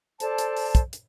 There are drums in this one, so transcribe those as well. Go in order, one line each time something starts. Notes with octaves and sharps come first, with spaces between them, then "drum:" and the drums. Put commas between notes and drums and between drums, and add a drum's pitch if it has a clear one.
A4 C5 D5 A5, drum: hi-hat
drum: hi-hat
drum: open hi-hat
drum: kick, hi-hat
drum: hi-hat